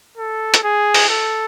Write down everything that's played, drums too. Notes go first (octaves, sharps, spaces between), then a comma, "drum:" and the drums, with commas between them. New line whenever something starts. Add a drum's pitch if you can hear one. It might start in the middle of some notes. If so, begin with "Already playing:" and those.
A4
drum: hi-hat
G#4
drum: open hi-hat
A4